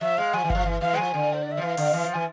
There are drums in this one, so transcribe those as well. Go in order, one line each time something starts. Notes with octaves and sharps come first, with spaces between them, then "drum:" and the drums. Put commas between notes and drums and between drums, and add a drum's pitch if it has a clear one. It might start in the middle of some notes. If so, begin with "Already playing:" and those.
F3 E5
G#3 F5
F3 G#5
E3
F3 F5, drum: kick G1
E3
E3 F5
G#3
F3 G#5
D3
C5
D5
E5
F3
E3 F5
D3, drum: open hi-hat
E3
F3
E3 G#5